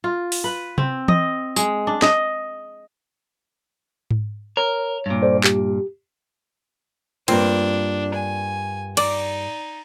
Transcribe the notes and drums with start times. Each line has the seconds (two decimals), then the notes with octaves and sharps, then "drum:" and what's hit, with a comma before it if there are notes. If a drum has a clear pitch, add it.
0.04 F4
0.32 drum: open hi-hat
0.44 B4
0.78 C4, drum: tom C3
1.08 D#5, drum: tom E3
1.56 G#3, drum: tambourine
1.87 D4
2.02 D#5, drum: snare
4.11 drum: tom G#2
4.57 A#4 C#5
5.06 G2 A#2
5.22 A4 C5 D5
5.44 G4, drum: clap
7.28 G2 A#3 C4 D4 F4, drum: cymbal
8.14 G#5
8.97 D#4 D5, drum: cymbal